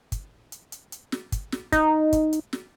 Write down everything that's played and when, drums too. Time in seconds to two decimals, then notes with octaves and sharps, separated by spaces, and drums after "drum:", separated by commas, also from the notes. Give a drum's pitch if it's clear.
0.12 drum: kick, hi-hat
0.52 drum: hi-hat
0.72 drum: hi-hat
0.92 drum: hi-hat
1.12 drum: snare
1.32 drum: kick, hi-hat
1.52 drum: snare
1.72 D#4, drum: kick, hi-hat
2.13 drum: kick, hi-hat
2.33 drum: hi-hat
2.53 drum: snare